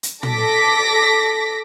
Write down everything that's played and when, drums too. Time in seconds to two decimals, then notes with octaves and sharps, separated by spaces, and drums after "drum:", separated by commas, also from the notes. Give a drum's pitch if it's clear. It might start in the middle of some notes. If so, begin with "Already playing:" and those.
0.03 drum: hi-hat
0.23 A4 D6 A#6 B6, drum: tom